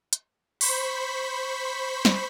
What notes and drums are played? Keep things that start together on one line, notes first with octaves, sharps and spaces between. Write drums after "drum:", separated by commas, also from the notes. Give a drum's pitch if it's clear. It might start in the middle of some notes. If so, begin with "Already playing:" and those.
drum: hi-hat
C5 B5 C#6 B6, drum: open hi-hat
drum: snare